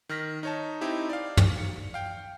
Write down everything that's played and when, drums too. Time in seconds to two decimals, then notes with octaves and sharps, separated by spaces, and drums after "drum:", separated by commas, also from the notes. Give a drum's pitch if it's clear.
0.09 D#3 F6 A#6 B6
0.43 D#4 C#5 A5
0.81 C4 D#4 E4 G4
1.09 D5 F5
1.37 drum: tom
1.58 C#7
1.94 F5 G5